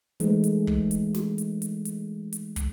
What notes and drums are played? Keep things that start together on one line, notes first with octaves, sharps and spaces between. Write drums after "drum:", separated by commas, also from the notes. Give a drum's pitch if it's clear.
E3 G#3 A3 D#4, drum: hi-hat
drum: hi-hat
drum: kick
drum: hi-hat
drum: snare
drum: hi-hat
drum: hi-hat
drum: hi-hat
drum: hi-hat
drum: kick, hi-hat